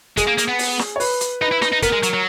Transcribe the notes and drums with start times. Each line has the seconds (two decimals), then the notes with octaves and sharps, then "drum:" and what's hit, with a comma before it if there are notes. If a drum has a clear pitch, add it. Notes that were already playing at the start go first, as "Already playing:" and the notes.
0.17 G#3 G#4, drum: kick, hi-hat
0.27 A#3
0.38 A#3, drum: hi-hat
0.48 B3
0.59 drum: open hi-hat
0.79 drum: snare
0.96 C#5
1.00 B4, drum: open hi-hat
1.21 drum: hi-hat
1.41 D#4 B4
1.52 E4
1.62 D#4, drum: snare
1.72 D#4
1.82 B3 A#4, drum: kick, hi-hat
1.93 G#3
2.03 F#3, drum: hi-hat
2.14 F#3